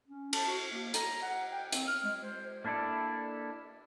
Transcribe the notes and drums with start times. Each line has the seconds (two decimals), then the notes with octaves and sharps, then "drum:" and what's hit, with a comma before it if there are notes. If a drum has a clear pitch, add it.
0.07 C#4
0.33 A5, drum: cymbal
0.47 F#4
0.72 A#3
0.94 A#5, drum: hi-hat
1.22 F#5
1.52 G5
1.72 C4, drum: hi-hat
1.88 F6
2.04 G#3
2.21 C5
2.65 A#3 D4 E4 A4 D5